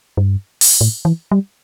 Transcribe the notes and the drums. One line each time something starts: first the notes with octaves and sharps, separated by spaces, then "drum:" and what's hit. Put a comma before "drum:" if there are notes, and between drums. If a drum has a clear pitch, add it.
G2
drum: open hi-hat
A2
E3
G3